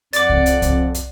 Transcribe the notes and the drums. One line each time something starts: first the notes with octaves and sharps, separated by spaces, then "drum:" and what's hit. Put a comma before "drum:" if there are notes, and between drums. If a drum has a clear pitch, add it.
F2 D5 F#5 D6 A6, drum: hi-hat
drum: kick C2
drum: hi-hat
drum: kick C2, hi-hat
drum: hi-hat